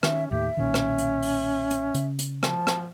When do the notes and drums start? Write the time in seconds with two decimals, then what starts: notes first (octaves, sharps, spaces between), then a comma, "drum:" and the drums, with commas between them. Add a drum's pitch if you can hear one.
0.03 D#3 C#4 E5, drum: rim click
0.31 D#2 A2 D#3 G4 E5
0.57 B1 A#2 D#3 C#4
0.74 drum: rim click
0.98 drum: hi-hat
1.22 drum: open hi-hat
1.71 drum: hi-hat
1.94 C#3, drum: hi-hat
2.19 drum: hi-hat
2.43 F3 A5, drum: rim click
2.67 drum: rim click